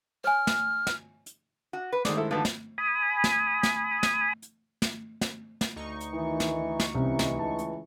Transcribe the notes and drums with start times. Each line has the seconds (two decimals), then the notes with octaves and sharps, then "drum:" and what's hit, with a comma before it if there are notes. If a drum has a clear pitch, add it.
0.24 C#5 G#5 F6
0.47 drum: snare
0.87 drum: snare
1.26 drum: hi-hat
1.73 F#4
1.92 B4
2.05 D#3 G#3 A3 C5 D5 D#6, drum: snare
2.17 E4 A4
2.31 D3 F3 D#4 F#4 B4 A5
2.45 drum: snare
2.78 G#5 B5 D#6
3.24 drum: snare
3.63 drum: snare
4.03 drum: snare
4.42 drum: hi-hat
4.82 drum: snare
5.21 drum: snare
5.61 drum: snare
5.76 D2 D#4 C#6
6.00 drum: hi-hat
6.14 D#3 E3
6.40 drum: snare
6.79 drum: snare
6.95 C2 E3 C#4
7.19 drum: snare
7.39 C#2 A5
7.59 drum: hi-hat